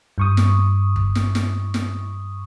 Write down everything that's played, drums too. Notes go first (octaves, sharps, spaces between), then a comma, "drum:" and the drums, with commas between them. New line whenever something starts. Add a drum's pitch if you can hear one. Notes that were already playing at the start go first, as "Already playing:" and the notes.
G2 C#6 D#6
drum: snare
drum: kick
drum: snare
drum: snare
drum: snare